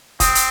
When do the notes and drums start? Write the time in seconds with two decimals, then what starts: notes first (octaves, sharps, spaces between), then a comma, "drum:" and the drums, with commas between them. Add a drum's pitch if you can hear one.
0.20 C4 D#6, drum: kick, hi-hat
0.35 drum: hi-hat